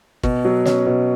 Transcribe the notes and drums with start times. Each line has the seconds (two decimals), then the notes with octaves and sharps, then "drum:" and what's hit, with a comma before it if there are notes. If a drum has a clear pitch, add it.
0.23 B2, drum: kick G#1
0.45 F#3
0.66 C#4, drum: snare
0.86 B2